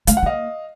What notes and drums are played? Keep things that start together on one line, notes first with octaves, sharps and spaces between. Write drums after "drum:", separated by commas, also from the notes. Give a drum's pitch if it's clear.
A3 F5, drum: hi-hat
F#5
A#3 D#5 F5